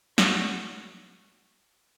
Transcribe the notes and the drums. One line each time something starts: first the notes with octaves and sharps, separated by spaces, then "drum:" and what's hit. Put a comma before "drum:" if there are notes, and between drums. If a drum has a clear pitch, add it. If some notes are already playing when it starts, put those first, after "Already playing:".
F#4, drum: snare